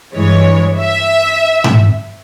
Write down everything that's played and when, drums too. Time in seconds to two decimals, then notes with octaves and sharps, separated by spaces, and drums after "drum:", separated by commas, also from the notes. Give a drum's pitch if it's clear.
0.15 G2 E3 G#3 C#5
0.79 E5
1.64 drum: tom G#2